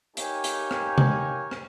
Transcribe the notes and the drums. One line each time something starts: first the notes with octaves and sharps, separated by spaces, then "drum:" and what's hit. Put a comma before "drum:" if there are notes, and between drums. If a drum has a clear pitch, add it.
A#3 D#4 G4 C#5 G5 G#5, drum: hi-hat
drum: hi-hat
drum: rim click
drum: tom C3
drum: rim click